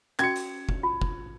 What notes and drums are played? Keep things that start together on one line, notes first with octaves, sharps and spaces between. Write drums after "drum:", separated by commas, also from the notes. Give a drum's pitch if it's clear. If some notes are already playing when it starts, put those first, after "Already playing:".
C#4 F#4 G#6 C#7, drum: clap
drum: hi-hat
drum: kick F1
F4
drum: kick F1